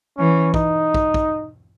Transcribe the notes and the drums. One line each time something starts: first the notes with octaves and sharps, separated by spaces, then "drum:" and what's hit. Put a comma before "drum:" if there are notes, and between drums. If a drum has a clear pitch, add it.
E3 C#4
D#4, drum: kick
drum: kick
drum: kick